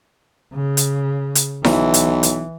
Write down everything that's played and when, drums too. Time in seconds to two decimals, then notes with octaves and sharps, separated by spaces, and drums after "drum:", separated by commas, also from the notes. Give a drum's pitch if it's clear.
0.54 C#3
0.77 drum: hi-hat
1.35 drum: hi-hat
1.64 B1 E3, drum: snare E4
1.94 drum: hi-hat
2.23 drum: hi-hat